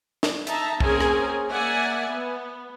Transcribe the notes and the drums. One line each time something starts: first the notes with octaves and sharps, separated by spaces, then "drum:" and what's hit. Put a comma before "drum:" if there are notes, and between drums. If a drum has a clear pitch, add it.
drum: snare
D#4 E5 A5 A#5, drum: hi-hat
A#3 C4 C#4 G#4 A#4 G#5, drum: kick
drum: rim click
A#3 D5 E5 F#5 G#5
B3